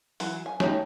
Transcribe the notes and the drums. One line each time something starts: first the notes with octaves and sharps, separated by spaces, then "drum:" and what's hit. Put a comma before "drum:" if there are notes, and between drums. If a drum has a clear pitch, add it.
E3 F#3, drum: open hi-hat
G#5
A3 C#4 D#4 G4 C#5, drum: snare